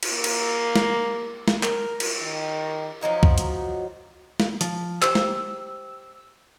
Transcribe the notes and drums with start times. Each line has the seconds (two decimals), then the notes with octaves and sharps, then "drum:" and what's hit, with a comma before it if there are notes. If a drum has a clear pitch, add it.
0.03 drum: cymbal
0.12 A#3
0.24 drum: cymbal
0.76 drum: snare
1.48 drum: snare
1.63 A#4, drum: clap
2.00 drum: cymbal
2.22 D#3
3.01 F3 F#3 D#4 F#4
3.23 drum: kick C2
3.38 drum: hi-hat
4.40 drum: snare
4.61 F3, drum: hi-hat
5.02 G4 C5 E6, drum: clap
5.15 drum: snare